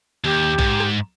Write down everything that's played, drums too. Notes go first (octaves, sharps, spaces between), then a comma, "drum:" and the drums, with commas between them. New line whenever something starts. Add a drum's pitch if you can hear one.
D#2 G4
G#2, drum: kick A#1
drum: rim click